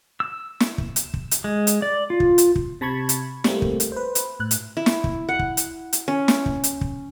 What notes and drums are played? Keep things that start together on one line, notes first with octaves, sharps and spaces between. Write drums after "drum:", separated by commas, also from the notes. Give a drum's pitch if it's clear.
E6
drum: snare
drum: kick
drum: hi-hat
drum: kick
drum: hi-hat
G#3
drum: hi-hat
D5
F4
drum: kick
drum: hi-hat
drum: kick
C3 A5 B5 C#6 G#6
drum: hi-hat
G3 A3 A#3 C4, drum: snare
drum: kick
drum: hi-hat
B4 C5
drum: hi-hat
A2 F#6
drum: hi-hat
E4
drum: snare
drum: kick
F#5
drum: kick
drum: hi-hat
drum: hi-hat
C#4
drum: snare
drum: kick
drum: hi-hat
drum: kick